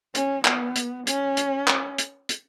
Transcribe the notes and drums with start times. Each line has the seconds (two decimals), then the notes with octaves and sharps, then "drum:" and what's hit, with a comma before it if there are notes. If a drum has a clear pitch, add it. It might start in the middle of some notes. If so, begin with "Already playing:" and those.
0.15 C#4, drum: hi-hat
0.45 B3, drum: clap
0.76 drum: hi-hat
1.07 C#4, drum: hi-hat
1.37 drum: hi-hat
1.68 drum: clap
1.98 drum: hi-hat
2.29 drum: hi-hat